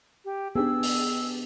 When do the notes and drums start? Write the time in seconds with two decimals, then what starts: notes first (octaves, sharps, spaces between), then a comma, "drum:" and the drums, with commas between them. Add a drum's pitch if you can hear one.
0.25 G4
0.55 B3 D4 G4 G#4 E6
0.83 drum: open hi-hat